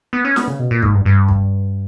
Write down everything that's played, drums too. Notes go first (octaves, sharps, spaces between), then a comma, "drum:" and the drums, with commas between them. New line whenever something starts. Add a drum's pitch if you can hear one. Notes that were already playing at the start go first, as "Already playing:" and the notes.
B3
C#4
B3, drum: snare
C#3
B2
A#2
G#2, drum: kick
G2
G2
drum: kick